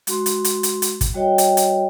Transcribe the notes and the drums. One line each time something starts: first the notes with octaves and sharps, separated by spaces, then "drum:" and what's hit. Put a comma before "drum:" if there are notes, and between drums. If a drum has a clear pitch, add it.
G#3 F#4 C6, drum: hi-hat
drum: hi-hat
drum: hi-hat
drum: hi-hat
drum: hi-hat
drum: kick, hi-hat
G3 F#4 C#5 D#5 G5
drum: hi-hat
drum: hi-hat